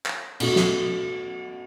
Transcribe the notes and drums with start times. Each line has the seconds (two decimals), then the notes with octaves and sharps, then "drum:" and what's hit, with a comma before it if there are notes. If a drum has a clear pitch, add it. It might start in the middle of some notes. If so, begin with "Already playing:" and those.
0.06 drum: clap
0.40 B2 A3 F#4, drum: cymbal
0.56 drum: snare